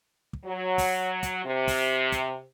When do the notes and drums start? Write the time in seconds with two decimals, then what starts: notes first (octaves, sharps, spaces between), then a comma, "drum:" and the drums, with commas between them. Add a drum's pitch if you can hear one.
0.33 drum: kick
0.45 F#3
0.78 drum: kick, open hi-hat
1.23 drum: kick, hi-hat
1.45 C3
1.68 drum: kick, open hi-hat
2.12 drum: kick, hi-hat